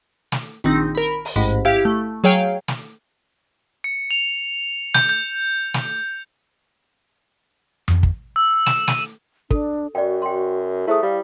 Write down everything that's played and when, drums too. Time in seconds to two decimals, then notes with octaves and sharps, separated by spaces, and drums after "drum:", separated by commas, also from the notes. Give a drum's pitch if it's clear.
0.32 drum: snare
0.64 A#1 D#3 C4 D#4 A#6
0.95 A#4 B5
1.25 drum: open hi-hat
1.36 A1 G#2 B5
1.65 E4 G4 F5
1.85 A3
2.24 F#3 G#4 C#5 F5 G5 D7
2.68 drum: snare
3.84 C#7
4.11 F7
4.94 G6, drum: snare
5.09 G6
5.74 drum: snare
7.88 drum: tom F2
8.03 drum: kick
8.36 E6
8.66 E7, drum: snare
8.88 D#7, drum: snare
9.51 D4 A4, drum: kick
9.95 F#2 F#4 D5 G5
10.22 G5 C6
10.87 A3 E4 G#4 C5 D#6
11.03 G3 F5